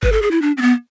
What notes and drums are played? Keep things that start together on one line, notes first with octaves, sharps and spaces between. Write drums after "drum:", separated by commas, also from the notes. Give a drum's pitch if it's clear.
B4, drum: kick G1
A4
G#4
E4
D4
C4
B3